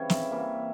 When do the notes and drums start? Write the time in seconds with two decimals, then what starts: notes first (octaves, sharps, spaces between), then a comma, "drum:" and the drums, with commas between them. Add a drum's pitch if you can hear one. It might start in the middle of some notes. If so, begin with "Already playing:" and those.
Already playing: C#3 E3 G3 C4 C#5
0.10 E5, drum: snare
0.31 E3 G3 A#3